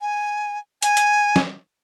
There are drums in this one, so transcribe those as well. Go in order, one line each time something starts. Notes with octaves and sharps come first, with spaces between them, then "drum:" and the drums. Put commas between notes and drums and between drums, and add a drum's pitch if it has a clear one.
G#5
G#5, drum: hi-hat
drum: hi-hat
drum: snare